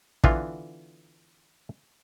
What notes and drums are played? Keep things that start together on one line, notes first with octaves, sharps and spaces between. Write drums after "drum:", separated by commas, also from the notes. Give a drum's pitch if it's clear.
D3 E3 B3 F4, drum: kick